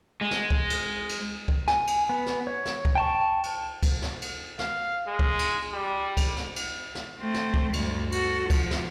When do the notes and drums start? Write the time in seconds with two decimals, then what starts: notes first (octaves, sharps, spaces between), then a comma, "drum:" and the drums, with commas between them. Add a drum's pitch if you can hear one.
0.21 G#3
0.31 drum: snare
0.50 drum: kick C#2
0.70 drum: cymbal
1.09 drum: cymbal
1.48 drum: kick C#2
1.68 G#5, drum: snare
1.87 drum: cymbal
2.09 B3
2.26 drum: snare
2.47 C#5
2.65 drum: snare
2.85 drum: kick C#2
2.95 G5 A5 C#6
3.44 drum: cymbal
3.83 drum: kick C#2, cymbal
4.02 drum: snare
4.22 drum: cymbal
4.59 F5, drum: snare
5.07 G#3
5.19 drum: kick C#2
5.39 drum: cymbal
5.72 G3
6.17 drum: kick C#2, cymbal
6.37 drum: snare
6.56 drum: cymbal
6.95 drum: snare
7.21 A3 C4
7.34 drum: snare
7.54 drum: kick C#2
7.73 D2 G2, drum: cymbal
8.12 F#4 A4, drum: cymbal
8.50 F3, drum: kick C#2, cymbal
8.71 drum: snare